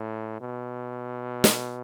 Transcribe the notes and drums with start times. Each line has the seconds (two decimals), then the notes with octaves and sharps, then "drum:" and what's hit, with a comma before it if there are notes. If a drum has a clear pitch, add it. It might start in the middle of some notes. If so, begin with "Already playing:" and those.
Already playing: A2
0.41 B2
1.44 drum: snare